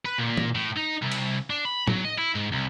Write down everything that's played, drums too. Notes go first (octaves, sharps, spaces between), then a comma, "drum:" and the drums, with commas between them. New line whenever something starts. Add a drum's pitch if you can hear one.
B4
A#2
drum: tom E3
A2
D#4
C2
drum: cymbal
D4
B5
F#3, drum: tom A2
D#5
E4
G#2
C2